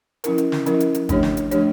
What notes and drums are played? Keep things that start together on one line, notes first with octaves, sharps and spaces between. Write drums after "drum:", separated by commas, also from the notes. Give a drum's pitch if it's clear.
F3 C#4 E4 A#4, drum: hi-hat
drum: hi-hat
drum: snare
F3 C#4 E4 A#4, drum: hi-hat
drum: hi-hat
drum: hi-hat
F3 A3 D4 G4 C#5, drum: kick, hi-hat
drum: snare
drum: hi-hat
F3 A3 D4 G4 C#5, drum: hi-hat